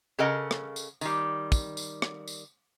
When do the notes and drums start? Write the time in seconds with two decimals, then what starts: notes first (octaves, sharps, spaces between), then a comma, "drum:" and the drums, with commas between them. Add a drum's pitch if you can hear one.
0.19 C#3 A4 A#4 D#5 F#5
0.51 drum: rim click
0.76 drum: tambourine
1.01 D#3 G3, drum: tambourine
1.52 drum: kick, tambourine
1.77 drum: tambourine
2.02 drum: rim click
2.28 drum: tambourine